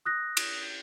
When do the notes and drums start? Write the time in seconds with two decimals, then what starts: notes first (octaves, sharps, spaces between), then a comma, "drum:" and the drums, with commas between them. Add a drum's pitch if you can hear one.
0.06 D#6 F#6 A#6
0.37 drum: cymbal